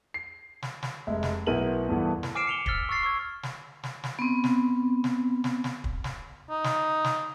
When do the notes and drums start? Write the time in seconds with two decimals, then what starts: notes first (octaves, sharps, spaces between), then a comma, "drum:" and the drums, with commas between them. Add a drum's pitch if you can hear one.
0.14 C7
0.62 drum: snare
0.83 drum: snare
1.07 F1 G#3 E5
1.23 drum: snare
1.47 B1 B3 E4 A#4 D#7 F#7
1.88 E2 G2 E3 A3 B3
2.23 drum: snare
2.35 G#5 D6 F6 C7 D7 E7
2.47 C#7 F7 G7
2.66 E6 F6 A6 B6 G7, drum: kick
2.89 C#6 E6 F6 A6 C7
3.03 C#6 E6 G#6
3.43 drum: snare
3.83 drum: snare
4.03 drum: snare
4.19 B3 C4
4.44 drum: snare
5.04 drum: snare
5.44 drum: snare
5.64 drum: snare
5.84 drum: kick
6.04 drum: snare
6.50 D#4
6.64 drum: snare
7.04 drum: snare